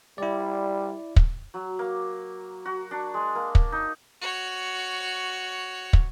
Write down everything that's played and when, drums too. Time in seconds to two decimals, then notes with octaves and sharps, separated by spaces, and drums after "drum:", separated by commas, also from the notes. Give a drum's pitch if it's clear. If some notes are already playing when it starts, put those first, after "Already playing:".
0.18 G3 E4 D5
1.16 drum: kick
1.54 F#3
1.79 A#3
2.65 F#4
2.91 D4
3.14 G#3
3.35 A#3
3.55 drum: kick
3.72 D#4
4.21 F#4 C#5
5.93 drum: kick